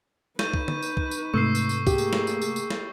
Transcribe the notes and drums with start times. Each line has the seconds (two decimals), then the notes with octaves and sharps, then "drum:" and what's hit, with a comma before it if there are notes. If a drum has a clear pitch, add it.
0.39 D#4 B4 C#6 G6 D#7, drum: snare
0.54 drum: kick
0.68 drum: tom
0.82 drum: tambourine
0.97 drum: kick
1.11 drum: tambourine
1.34 G#2 C3 A3 C#6 E6 C7
1.55 drum: tambourine
1.69 drum: tambourine
1.87 A#3 G4 G#4, drum: kick, tambourine
1.98 drum: tambourine
2.13 drum: snare
2.27 drum: tambourine
2.42 drum: tambourine
2.56 drum: tambourine
2.70 drum: snare